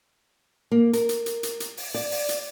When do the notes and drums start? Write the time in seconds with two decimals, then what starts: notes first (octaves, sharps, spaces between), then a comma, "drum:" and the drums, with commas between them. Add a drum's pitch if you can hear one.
0.71 A#3
0.93 A#4, drum: hi-hat
1.09 drum: hi-hat
1.26 drum: hi-hat
1.43 drum: hi-hat
1.60 drum: hi-hat
1.77 drum: open hi-hat
1.94 D5, drum: open hi-hat
2.12 drum: open hi-hat
2.29 drum: hi-hat